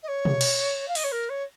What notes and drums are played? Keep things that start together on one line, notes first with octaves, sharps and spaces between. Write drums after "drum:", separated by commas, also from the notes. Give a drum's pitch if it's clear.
D#5
C#5
drum: tom B2
drum: cymbal
F5
D#5, drum: open hi-hat
C#5
A#4
C#5